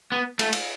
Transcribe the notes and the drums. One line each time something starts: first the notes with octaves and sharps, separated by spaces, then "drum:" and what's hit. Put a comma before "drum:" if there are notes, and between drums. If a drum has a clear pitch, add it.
B3
A3, drum: cymbal
drum: cymbal